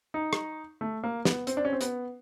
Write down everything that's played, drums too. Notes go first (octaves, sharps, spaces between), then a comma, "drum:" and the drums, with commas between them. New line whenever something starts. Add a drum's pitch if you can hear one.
D#4
drum: rim click
A3
A#3
B3, drum: snare
C4, drum: hi-hat
D4
C#4
C4
B3, drum: hi-hat